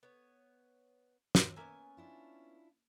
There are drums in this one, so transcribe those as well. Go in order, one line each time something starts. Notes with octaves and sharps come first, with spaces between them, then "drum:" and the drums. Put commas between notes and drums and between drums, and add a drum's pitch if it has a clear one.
B3 C#5
drum: snare
A#3 B3 C#4 E5 G#5
D4 E4 F4